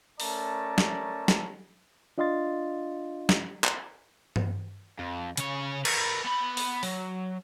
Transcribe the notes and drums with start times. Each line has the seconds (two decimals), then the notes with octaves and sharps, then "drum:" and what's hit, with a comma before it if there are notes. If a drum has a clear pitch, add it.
0.20 A3 C#4 A#4 D5 A5 A#5, drum: open hi-hat
0.78 drum: snare
1.28 drum: snare
2.18 D4 F4 D#5 F5 C6 A6
3.29 drum: snare
3.64 drum: clap
4.36 drum: tom G2
4.99 F2
5.37 C#3 C#5, drum: hi-hat
5.85 A#4 B4, drum: cymbal
6.25 B3 B5
6.57 drum: open hi-hat
6.83 F#3, drum: open hi-hat